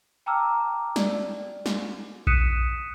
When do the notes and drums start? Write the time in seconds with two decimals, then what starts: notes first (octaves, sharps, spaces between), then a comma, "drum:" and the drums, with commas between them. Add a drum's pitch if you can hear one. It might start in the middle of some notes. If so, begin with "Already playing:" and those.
0.26 G5 A5 A#5 D6 E6 F6
0.96 D5, drum: snare
1.66 drum: snare
2.27 D#6 F#6 B6 C#7 D#7 E7, drum: kick A#1